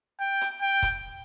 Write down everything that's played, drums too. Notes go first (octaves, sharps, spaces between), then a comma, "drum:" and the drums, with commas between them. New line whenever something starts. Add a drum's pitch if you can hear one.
G5
drum: hi-hat
G5
drum: kick, hi-hat